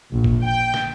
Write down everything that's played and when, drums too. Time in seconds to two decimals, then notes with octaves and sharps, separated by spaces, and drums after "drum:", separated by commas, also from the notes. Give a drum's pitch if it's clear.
0.12 A#1
0.24 drum: kick A1
0.44 G5
0.74 drum: snare